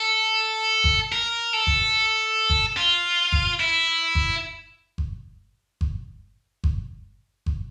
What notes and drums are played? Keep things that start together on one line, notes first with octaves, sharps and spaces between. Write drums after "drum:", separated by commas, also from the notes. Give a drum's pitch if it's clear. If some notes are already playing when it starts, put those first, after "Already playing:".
Already playing: A4
drum: kick G1
A#4
A4
drum: kick G1
drum: kick G1
F4
drum: kick G1
E4
drum: kick G1
drum: kick G1
drum: kick G1
drum: kick G1
drum: kick G1